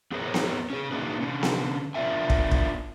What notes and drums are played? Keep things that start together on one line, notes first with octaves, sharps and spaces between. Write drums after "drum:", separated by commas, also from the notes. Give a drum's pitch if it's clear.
B3 G#4 A#4 B4 C#5
drum: snare B3
C#4 G#4
A#3 D4 D#4 F#4 G#4 B4
D3 C#4
drum: snare B3
B3 D4 F4 A#4 E5 G#5
drum: kick
drum: kick